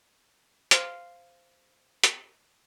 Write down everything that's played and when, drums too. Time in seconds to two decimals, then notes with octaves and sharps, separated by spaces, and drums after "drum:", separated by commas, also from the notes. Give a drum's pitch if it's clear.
0.71 C5 F5, drum: hi-hat
2.04 drum: hi-hat